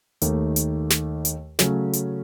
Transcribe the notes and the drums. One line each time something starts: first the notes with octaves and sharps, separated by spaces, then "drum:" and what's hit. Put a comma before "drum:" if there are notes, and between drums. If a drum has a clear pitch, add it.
D#2 D#3 A3, drum: hi-hat
drum: hi-hat
drum: snare
drum: hi-hat
C#3 F#3 A3 C#4, drum: snare
drum: hi-hat